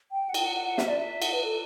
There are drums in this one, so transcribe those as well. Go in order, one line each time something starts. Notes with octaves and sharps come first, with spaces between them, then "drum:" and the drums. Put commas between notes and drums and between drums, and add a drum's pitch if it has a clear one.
G5
F#5
G5, drum: cymbal
F#5
F#5
F#5
E5, drum: snare
D5
E5
F#5, drum: cymbal
B4
A4